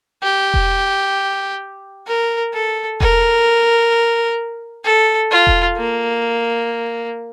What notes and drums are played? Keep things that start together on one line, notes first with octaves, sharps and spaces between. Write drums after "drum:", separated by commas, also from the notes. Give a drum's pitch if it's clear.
G4
drum: kick E1
A#4
A4
A#4, drum: kick E1
A4
F4
drum: kick E1
A#3